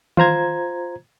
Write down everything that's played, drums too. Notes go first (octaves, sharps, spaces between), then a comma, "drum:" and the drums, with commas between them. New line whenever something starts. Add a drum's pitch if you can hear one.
F4 C5 A#5 G#6, drum: tom D#3